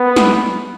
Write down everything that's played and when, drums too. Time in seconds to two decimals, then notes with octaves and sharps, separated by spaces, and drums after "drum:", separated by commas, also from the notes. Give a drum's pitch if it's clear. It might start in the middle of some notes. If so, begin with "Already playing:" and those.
Already playing: B3
0.16 drum: snare F#3